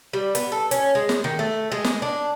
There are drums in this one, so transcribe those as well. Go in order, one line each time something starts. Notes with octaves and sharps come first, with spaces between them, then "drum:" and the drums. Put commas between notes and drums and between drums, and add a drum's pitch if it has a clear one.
G3
B3, drum: hi-hat
A4
C#4, drum: hi-hat
G#3
drum: snare
D#3
A3
G#3
drum: snare
D4